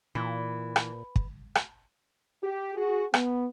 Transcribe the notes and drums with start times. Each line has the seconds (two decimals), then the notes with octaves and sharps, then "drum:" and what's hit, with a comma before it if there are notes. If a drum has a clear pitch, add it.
0.15 A#2 E3
0.76 drum: rim click
1.16 drum: kick
1.55 drum: rim click
2.43 G4
2.75 F#4 G#4
3.14 B3, drum: rim click